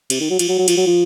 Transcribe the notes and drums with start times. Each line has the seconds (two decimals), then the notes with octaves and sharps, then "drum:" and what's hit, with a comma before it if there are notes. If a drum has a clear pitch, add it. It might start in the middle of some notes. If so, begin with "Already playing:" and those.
0.10 C3, drum: cymbal
0.20 D#3
0.30 F#3
0.39 F3, drum: cymbal
0.48 F#3
0.58 F#3
0.68 F3, drum: cymbal
0.77 F#3
0.86 F3